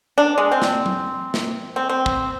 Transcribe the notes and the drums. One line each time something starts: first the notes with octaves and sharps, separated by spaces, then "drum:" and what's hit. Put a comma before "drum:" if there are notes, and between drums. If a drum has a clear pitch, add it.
D4
G#3
C4
drum: snare
drum: tom F#3
drum: snare
C4
C4
drum: kick